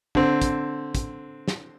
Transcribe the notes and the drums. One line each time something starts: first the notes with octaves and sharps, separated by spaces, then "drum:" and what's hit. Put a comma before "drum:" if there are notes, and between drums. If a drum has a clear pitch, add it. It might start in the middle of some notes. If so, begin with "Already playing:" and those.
D3 C4, drum: kick
drum: kick, hi-hat
drum: kick, hi-hat
drum: snare